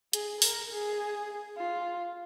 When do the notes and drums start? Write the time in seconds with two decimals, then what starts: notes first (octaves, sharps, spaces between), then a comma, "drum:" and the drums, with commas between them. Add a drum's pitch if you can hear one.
0.13 G#4, drum: hi-hat
0.42 A#4, drum: open hi-hat
0.72 G#4
1.58 F4